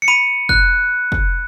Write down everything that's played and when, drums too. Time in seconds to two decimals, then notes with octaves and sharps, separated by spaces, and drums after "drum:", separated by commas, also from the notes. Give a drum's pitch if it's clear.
0.02 C#7
0.08 B5 D#7
0.49 F#6, drum: kick
1.12 drum: kick